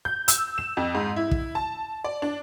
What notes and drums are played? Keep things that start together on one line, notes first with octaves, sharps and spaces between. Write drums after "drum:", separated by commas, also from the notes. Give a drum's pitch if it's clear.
G6
E6, drum: hi-hat
E7
F2
G#2
E4
drum: kick
A5
D5
D4